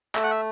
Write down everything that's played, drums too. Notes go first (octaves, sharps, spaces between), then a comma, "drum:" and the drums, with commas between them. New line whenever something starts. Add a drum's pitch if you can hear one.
A3 E5, drum: clap
F#5
E5